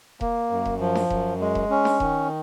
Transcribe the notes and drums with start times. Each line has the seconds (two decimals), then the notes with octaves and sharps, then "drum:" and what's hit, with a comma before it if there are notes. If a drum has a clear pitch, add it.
0.21 A#3, drum: kick E1
0.50 F#2
0.65 drum: kick E1
0.80 F3
0.95 drum: snare D4
1.10 F#2, drum: kick E1
1.40 G#3
1.55 drum: kick E1
1.70 C#4
1.85 drum: snare D4
2.00 D#3, drum: kick E1